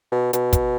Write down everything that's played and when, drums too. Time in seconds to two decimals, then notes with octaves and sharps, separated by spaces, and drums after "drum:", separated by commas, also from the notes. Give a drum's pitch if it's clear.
0.12 B2
0.33 B2, drum: hi-hat
0.53 drum: kick, hi-hat